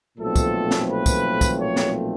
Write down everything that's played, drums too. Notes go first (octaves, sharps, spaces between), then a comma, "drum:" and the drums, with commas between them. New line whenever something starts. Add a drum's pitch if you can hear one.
B1 A#2 F3 A3 C4 A4
drum: kick, tambourine
drum: snare
B4
drum: kick, tambourine
drum: kick, tambourine
C#5
drum: snare